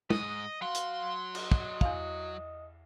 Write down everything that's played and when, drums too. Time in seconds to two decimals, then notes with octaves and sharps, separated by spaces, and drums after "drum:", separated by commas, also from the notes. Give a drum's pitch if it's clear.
0.10 G#2 D#5, drum: tom
0.62 F#3 F#4 F5 C6
0.75 drum: hi-hat
1.35 D#5, drum: cymbal
1.52 drum: kick
1.81 E2 F5, drum: kick